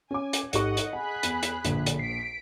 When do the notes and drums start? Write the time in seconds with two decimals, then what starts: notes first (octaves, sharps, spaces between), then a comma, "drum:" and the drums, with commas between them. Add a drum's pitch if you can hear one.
0.11 C#4 G#5 D6
0.33 drum: hi-hat
0.53 A1 G#2 D#4 G4 A4 D#5 F#5 C#6, drum: hi-hat
0.77 drum: hi-hat
0.93 G#4 F#5 G#5 B5 F#6
1.23 E2, drum: hi-hat
1.43 drum: hi-hat
1.65 A#1 A2 D3, drum: hi-hat
1.86 drum: hi-hat
1.99 B6 C7 D7